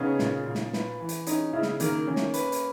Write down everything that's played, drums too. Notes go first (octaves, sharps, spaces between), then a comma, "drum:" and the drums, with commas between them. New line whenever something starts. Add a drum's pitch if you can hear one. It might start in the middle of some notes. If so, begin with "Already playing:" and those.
Already playing: C#3 B3 C#4 D#4
A#2, drum: snare
A#2
drum: snare
B4, drum: snare
E3
drum: hi-hat
C#4 D#4, drum: hi-hat
C#3 E4
drum: snare
D#3 A#3, drum: hi-hat
D#3 C#4
drum: snare
B4, drum: hi-hat
drum: hi-hat